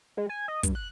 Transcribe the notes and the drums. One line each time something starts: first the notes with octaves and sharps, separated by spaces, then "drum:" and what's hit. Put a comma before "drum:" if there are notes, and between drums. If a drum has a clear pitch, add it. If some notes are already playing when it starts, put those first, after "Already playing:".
G#3
G#5
D#5
G2, drum: kick, hi-hat
F#6